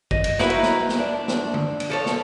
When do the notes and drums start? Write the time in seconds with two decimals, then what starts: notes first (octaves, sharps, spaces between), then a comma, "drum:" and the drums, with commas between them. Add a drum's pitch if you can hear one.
0.11 D#5, drum: kick
0.24 drum: cymbal
0.39 D#4 E4 F#4 B4, drum: snare
0.50 drum: cymbal
0.63 drum: snare
0.89 drum: snare
0.99 D4
1.28 drum: snare
1.54 drum: tom D3
1.80 drum: cymbal
1.90 F3 A4 C#5
2.06 drum: snare